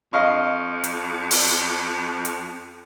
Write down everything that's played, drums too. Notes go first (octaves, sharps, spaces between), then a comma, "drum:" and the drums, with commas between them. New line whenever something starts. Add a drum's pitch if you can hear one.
F2 D#5 F5 C#6
drum: hi-hat
drum: open hi-hat
drum: hi-hat